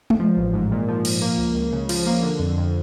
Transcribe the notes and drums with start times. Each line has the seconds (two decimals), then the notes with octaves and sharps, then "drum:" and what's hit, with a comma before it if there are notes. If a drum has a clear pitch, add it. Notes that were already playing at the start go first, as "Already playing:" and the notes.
0.10 drum: tom G#3
0.20 F3
0.37 A1
0.53 G#2
0.72 A#2
0.88 F3
1.05 F3, drum: cymbal
1.22 A#3
1.38 C#2
1.55 C#2
1.73 C#3
1.89 F3, drum: cymbal
2.07 A#3
2.22 D3
2.40 F2
2.57 F2